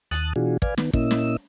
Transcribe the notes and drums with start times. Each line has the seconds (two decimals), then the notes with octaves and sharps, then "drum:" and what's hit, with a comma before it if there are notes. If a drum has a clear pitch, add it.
0.11 D#2 A5 D#6 F#6, drum: hi-hat
0.36 B2 E3 D4 F4 F#4 G#4
0.62 B4 D5 F5 G#5, drum: kick
0.78 D#3 B3, drum: snare
0.93 A#2 A#3 C#4 E4 D#5 E6, drum: kick
1.11 drum: snare